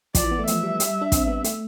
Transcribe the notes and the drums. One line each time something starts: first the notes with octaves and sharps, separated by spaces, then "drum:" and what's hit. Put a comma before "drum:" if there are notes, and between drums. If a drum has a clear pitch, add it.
F3 D5, drum: kick, hi-hat
E3
B3
A3
F3 E5, drum: hi-hat
G3
G3, drum: hi-hat
D4
C4, drum: kick, hi-hat
B3
A3, drum: hi-hat